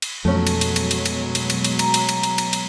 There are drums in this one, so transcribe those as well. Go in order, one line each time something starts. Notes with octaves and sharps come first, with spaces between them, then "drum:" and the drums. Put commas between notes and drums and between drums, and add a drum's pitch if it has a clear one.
drum: cymbal
F2 B2 F#3 G#3 A3 C#4
drum: cymbal
drum: cymbal
drum: cymbal
drum: cymbal
drum: cymbal
drum: cymbal
drum: cymbal
drum: cymbal
A#5, drum: cymbal
drum: cymbal
drum: cymbal
drum: cymbal
drum: cymbal
drum: cymbal